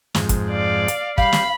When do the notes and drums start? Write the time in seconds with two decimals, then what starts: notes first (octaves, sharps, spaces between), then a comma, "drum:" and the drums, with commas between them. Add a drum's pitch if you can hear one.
0.15 F2 G#2, drum: snare
0.29 drum: kick, hi-hat
0.50 D5 F5
0.88 drum: hi-hat
1.18 G3 F5 B5, drum: kick
1.32 drum: snare